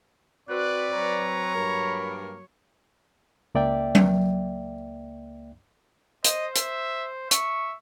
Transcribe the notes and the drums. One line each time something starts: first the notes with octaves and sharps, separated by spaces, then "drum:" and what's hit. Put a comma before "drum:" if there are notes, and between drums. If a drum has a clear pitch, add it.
C4 F#4 B4 D5 F#6
F#3 C#5 A#5
G2 A#3 A#4 B5
C#2 A#3 D5 E5 G5
drum: tom F#3
C5 D#5, drum: hi-hat
E5, drum: hi-hat
E5 C#6, drum: hi-hat